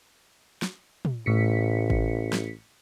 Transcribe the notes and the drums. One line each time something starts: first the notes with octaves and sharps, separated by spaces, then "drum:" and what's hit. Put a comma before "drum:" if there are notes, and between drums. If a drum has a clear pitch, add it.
drum: snare
drum: tom
A1 A2 B6 C#7
drum: kick G#1
drum: snare